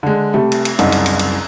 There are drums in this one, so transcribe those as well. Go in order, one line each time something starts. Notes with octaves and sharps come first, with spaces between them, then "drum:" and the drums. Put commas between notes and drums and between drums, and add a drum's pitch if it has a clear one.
D3 G#3
C3 G3 A3
drum: cymbal
drum: cymbal
F#1 C2 D#4, drum: cymbal
drum: cymbal
drum: cymbal
drum: cymbal